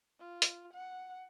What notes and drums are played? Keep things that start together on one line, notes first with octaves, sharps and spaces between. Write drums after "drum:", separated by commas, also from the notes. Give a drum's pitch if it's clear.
F4
drum: hi-hat
F#5